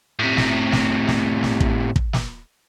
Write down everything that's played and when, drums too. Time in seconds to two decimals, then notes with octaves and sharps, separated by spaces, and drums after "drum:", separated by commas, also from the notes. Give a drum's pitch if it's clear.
0.19 A2 C3
0.37 drum: snare
0.72 drum: snare
1.07 drum: snare
1.43 drum: snare
1.60 drum: kick
1.96 drum: kick
2.13 drum: snare